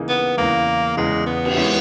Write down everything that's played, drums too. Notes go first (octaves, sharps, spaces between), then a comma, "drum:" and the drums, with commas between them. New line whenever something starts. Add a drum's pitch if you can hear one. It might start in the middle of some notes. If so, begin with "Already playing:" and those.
Already playing: C#3 E3 A#3 D#4 G#4
B3
E2 C#3 E3 A#3
E2 C#3 E3 G#3
B3
drum: cymbal
E3 G#3 C#4 E4